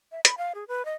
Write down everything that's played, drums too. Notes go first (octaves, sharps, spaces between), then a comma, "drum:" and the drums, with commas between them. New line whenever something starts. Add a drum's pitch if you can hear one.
E5
B5, drum: hi-hat
F5
G#4
B4
D#5